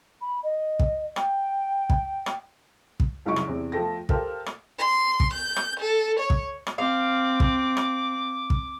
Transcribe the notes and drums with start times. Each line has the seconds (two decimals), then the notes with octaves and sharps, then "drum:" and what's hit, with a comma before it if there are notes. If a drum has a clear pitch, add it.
0.21 B5
0.43 D#5
0.79 drum: kick
1.16 G5, drum: rim click
1.90 drum: kick
2.26 drum: rim click
3.00 drum: kick
3.26 F#1 C2 D#4 E4 C#6 D7
3.36 drum: rim click
3.47 E2 C3
3.72 F3 A3 A4 G5 A#6
4.09 G4 A4 A#4 C5 F5 G5, drum: kick
4.46 drum: rim click
4.79 C6
5.20 drum: kick
5.33 G6
5.56 drum: rim click
5.80 A4
6.19 C#5
6.30 drum: kick
6.67 drum: rim click
6.78 C4 F5 D6
7.40 drum: kick
7.77 drum: rim click
8.50 drum: kick